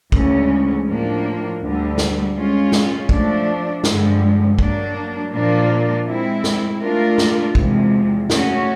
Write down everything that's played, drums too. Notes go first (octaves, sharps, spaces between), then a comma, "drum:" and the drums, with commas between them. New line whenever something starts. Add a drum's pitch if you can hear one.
D2 C#3 E3 G#3 C#4, drum: kick
A2 F3 A#3 D4
D2 D3 G3
drum: snare
G#3 C#4 F4
drum: snare
F3 A3 D4, drum: kick
G2 D3 F3 G#3, drum: snare
F#3 A#3 D4, drum: kick
A#2 F3 A#3 D4 F4
G#3 C4 E4
drum: snare
A3 D4 F4 A#4
drum: snare
E2 C3 F3 G#3, drum: kick
A3 C#4 F#4, drum: snare